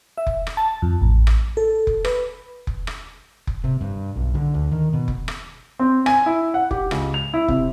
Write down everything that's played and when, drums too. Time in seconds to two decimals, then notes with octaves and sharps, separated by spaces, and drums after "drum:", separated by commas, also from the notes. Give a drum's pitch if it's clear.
0.18 E5
0.27 drum: kick F1
0.47 drum: rim click
0.57 A5
0.82 F2
1.01 A1
1.27 drum: rim click
1.57 A4
1.87 drum: kick F1
2.05 B4, drum: rim click
2.67 drum: kick F1
2.87 drum: rim click
3.47 drum: kick F1
3.64 C3
3.81 G2
4.16 B1
4.34 D3
4.54 D2
4.72 D#3
4.93 B2
5.08 drum: kick F1
5.28 drum: rim click
5.79 C4
6.06 G#5, drum: rim click
6.26 E4
6.54 F#5
6.71 G4, drum: kick F1
6.91 C#2, drum: rim click
7.14 F7
7.34 E4
7.48 C3, drum: kick F1